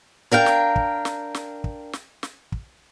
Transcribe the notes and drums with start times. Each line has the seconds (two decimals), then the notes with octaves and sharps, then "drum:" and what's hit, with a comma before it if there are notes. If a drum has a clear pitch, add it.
0.31 D4 A#4 F5 G5
0.46 drum: snare
0.76 drum: kick
1.05 drum: snare
1.35 drum: snare
1.64 drum: kick
1.93 drum: snare
2.23 drum: snare
2.52 drum: kick